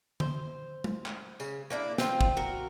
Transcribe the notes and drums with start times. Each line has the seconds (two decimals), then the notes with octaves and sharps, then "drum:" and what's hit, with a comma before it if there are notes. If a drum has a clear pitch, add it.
0.20 C5, drum: tom D3
0.84 drum: tom G#3
1.06 drum: clap
1.40 C#3, drum: tambourine
1.70 A#3 C#4 D4 E4
1.98 C4 F4, drum: snare
2.21 drum: kick
2.37 F#4 A#4